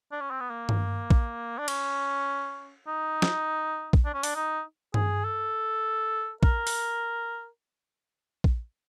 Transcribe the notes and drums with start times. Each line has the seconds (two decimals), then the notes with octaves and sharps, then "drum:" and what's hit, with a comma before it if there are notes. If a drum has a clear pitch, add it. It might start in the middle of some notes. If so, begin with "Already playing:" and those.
0.12 D4
0.21 C#4
0.31 C4
0.40 B3
0.50 A#3
0.69 drum: tom G2
1.10 drum: kick
1.58 D4
1.68 C#4, drum: cymbal
2.87 D#4
3.22 drum: snare
3.93 drum: kick
4.05 D4
4.14 C#4
4.23 D4, drum: open hi-hat
4.35 D#4
4.94 G#4, drum: tom G2
5.24 A4
6.43 A#4, drum: kick
6.67 drum: open hi-hat
8.44 drum: kick